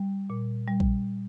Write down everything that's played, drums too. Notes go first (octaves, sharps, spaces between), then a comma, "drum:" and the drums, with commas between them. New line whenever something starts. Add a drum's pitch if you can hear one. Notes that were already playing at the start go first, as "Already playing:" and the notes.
Already playing: G3
A#2
G3
drum: kick A#1